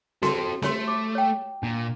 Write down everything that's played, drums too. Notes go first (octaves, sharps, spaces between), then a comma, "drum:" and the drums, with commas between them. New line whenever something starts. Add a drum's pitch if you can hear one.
C4 F#4 A4 C6, drum: snare C4
A3 G4 C#5 C6, drum: snare C4
D6
C#5 G5
A#2 D4